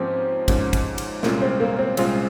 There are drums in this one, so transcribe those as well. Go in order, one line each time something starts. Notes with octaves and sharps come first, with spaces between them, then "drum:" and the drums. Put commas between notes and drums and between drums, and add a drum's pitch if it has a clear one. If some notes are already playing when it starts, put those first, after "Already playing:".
Already playing: G#2 F3 A#3 C4 C#4 G4
G#2 F3 A#3 C#4 G4, drum: kick G#1, cymbal
drum: kick G#1, cymbal
drum: cymbal
C2 A#2 G#3 A#3 C#4 F4, drum: snare
C4
A#3
C4
C2 A#2 G#3 C4 C#4 F4, drum: cymbal